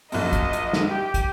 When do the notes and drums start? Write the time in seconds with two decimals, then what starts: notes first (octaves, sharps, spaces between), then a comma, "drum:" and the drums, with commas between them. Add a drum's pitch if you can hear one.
0.12 A#1 F#2 D#5, drum: open hi-hat
0.33 drum: kick, hi-hat
0.53 drum: hi-hat
0.73 drum: snare
0.87 G4
1.14 drum: kick, hi-hat